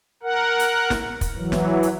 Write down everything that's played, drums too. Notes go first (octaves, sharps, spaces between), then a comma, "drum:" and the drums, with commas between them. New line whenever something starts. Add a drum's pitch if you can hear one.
A#4 F#5
drum: hi-hat
drum: snare
drum: kick, hi-hat
E3 F#3
drum: snare
drum: hi-hat